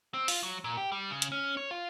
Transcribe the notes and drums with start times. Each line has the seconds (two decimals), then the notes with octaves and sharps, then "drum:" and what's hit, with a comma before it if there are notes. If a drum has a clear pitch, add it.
0.14 C4
0.28 F4, drum: open hi-hat
0.43 F#3
0.64 A#2
0.77 G4
0.92 G3
1.11 C#3
1.22 drum: hi-hat
1.32 C#4
1.57 C#5
1.71 F4